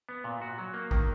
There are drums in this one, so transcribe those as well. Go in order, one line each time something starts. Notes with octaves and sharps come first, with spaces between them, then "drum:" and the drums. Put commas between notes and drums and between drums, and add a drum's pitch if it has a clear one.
B3
A#2
F#4
F#3
A#3
D#3, drum: kick